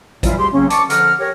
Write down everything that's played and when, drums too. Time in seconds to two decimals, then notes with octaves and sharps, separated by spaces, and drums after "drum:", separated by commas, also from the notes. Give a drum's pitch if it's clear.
0.23 A#2 E3 F#3 G3 E4 F4, drum: kick A1, hi-hat
0.38 D2 G3 G4 G#4 C6
0.53 C#3 F#3 A#3 C4 C#4
0.70 A5 C#6 D6, drum: hi-hat
0.90 D3 F3 F#5 A#5 F6, drum: hi-hat
1.19 G4 A#4 C#5